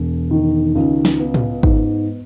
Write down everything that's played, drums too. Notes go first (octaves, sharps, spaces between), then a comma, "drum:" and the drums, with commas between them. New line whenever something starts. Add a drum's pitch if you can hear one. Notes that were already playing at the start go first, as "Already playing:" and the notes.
Already playing: E1
D#3
C#2
drum: snare
B3
drum: tom A2
G#2, drum: kick